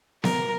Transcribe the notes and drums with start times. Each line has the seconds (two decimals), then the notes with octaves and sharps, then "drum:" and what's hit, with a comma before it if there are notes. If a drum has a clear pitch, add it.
0.24 A#4, drum: snare B3